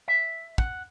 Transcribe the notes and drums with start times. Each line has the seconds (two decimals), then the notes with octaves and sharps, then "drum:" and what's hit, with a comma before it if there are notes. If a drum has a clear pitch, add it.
0.08 E5
0.58 F#5, drum: kick